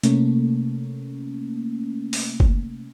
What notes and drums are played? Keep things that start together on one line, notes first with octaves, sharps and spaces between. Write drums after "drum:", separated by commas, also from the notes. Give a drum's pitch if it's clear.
C3 A3 A#3 C#4, drum: hi-hat
drum: open hi-hat
drum: kick F#1